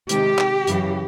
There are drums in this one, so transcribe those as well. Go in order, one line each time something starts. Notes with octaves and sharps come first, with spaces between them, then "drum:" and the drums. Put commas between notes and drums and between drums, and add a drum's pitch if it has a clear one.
C3 D#3 G#3 G4, drum: hi-hat
drum: clap
F#2 C#3 E3, drum: hi-hat